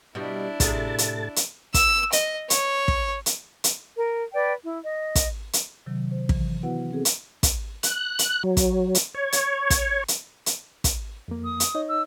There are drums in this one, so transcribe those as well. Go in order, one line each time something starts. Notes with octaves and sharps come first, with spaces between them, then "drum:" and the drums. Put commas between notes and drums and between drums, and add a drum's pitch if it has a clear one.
B2 G3 D4 E4
A2 C3 G#4 A4 A6, drum: kick, hi-hat
drum: hi-hat
drum: hi-hat
E6, drum: kick, hi-hat
D#5, drum: hi-hat
C#5, drum: hi-hat
drum: kick
drum: hi-hat
drum: hi-hat
A#4
B4 D5 G5
E4
D#5
drum: kick, hi-hat
drum: hi-hat
C3 D#3 F#3
C5
E3, drum: kick
B3 E4 F#4 B4 F#5
C4 E4 G#4 A4
drum: hi-hat
drum: kick, hi-hat
F#6, drum: hi-hat
drum: hi-hat
F#3
drum: kick, hi-hat
drum: hi-hat
C#5
drum: hi-hat
drum: kick, hi-hat
drum: hi-hat
drum: hi-hat
drum: kick, hi-hat
F2 A#3
D#6
drum: hi-hat
D#4 C#5 D#5
E6